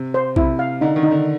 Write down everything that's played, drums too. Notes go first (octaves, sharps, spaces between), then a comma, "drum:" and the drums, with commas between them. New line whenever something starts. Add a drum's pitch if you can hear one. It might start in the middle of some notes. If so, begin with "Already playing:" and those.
Already playing: C3
C5
C3 E4, drum: kick B1
F5
D3 D#4
D#3
D#4
D3